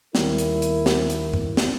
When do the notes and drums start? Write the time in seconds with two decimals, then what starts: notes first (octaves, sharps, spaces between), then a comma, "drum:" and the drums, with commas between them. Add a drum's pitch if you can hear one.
0.15 D#2 G3 E4 A#4, drum: snare
0.38 drum: hi-hat
0.62 drum: hi-hat
0.86 drum: snare
1.10 drum: hi-hat
1.34 drum: tom F#2
1.57 drum: snare